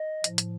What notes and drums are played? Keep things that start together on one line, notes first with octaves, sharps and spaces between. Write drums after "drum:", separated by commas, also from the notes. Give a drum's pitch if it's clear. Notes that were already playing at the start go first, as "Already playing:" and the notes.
Already playing: D#5
A2 F3, drum: hi-hat
drum: hi-hat